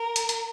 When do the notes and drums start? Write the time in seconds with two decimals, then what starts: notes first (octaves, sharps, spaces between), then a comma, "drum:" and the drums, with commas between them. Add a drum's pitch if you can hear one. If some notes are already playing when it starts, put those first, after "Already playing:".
Already playing: A#4
0.16 drum: hi-hat
0.29 drum: hi-hat